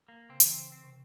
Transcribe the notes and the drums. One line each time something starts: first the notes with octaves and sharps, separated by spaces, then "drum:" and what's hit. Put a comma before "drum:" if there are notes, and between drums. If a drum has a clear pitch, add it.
A#3
C#3 C4
E3, drum: hi-hat
C#3 C4
C4
C3